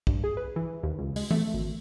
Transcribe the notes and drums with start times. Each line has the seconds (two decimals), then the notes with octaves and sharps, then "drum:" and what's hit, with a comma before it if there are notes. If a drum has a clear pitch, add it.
0.07 G2, drum: kick
0.24 G#4
0.37 B4
0.56 E3
0.83 D#2
0.99 C#2
1.16 G#3, drum: open hi-hat
1.31 A3, drum: tom E3
1.54 G#1